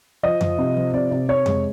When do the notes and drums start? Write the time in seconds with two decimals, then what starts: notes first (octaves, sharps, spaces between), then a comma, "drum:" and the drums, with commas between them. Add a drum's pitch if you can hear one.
0.23 F3 D#5
0.41 F3, drum: tom F2
0.59 C3
0.76 F3
0.93 C3 D5
1.11 C3
1.28 C3 C#5
1.46 G#3, drum: tom F2